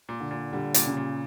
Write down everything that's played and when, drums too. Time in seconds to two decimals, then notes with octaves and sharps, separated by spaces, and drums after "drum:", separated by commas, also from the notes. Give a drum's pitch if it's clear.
0.09 A#2
0.20 D3
0.31 A#2
0.53 D3 G3
0.74 A#2, drum: hi-hat
0.86 C#3
0.97 A#2